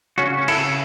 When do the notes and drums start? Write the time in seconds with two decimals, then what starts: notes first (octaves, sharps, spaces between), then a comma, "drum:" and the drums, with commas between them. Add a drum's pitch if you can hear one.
0.18 C#3 C#4 F#4
0.38 C#4
0.48 E4 A4, drum: cymbal
0.58 C#3